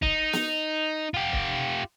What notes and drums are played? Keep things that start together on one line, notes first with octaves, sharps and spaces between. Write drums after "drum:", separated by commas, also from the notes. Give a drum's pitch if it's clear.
D#4, drum: kick
drum: snare
F4 G4
drum: kick